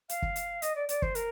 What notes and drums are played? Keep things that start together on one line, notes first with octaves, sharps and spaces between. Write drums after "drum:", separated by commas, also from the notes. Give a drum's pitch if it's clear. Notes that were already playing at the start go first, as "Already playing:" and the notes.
F5, drum: hi-hat
drum: kick
drum: hi-hat
D#5, drum: hi-hat
D5
D5, drum: hi-hat
C5, drum: kick
A#4, drum: hi-hat